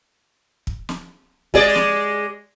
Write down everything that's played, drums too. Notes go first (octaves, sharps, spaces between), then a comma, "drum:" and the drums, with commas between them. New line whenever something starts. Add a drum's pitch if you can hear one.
drum: kick
drum: snare
G#3 G#4 D5, drum: kick
drum: snare